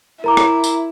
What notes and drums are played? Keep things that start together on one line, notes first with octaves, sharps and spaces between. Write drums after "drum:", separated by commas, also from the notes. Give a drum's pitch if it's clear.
E4 A#4 A#5 D6
drum: rim click
drum: tambourine